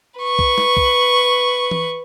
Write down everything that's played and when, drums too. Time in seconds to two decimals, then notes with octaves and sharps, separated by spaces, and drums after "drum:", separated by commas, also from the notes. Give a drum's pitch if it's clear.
0.20 B4 C#6
0.39 drum: kick B1
0.58 drum: snare
0.77 drum: kick B1
1.71 drum: tom E3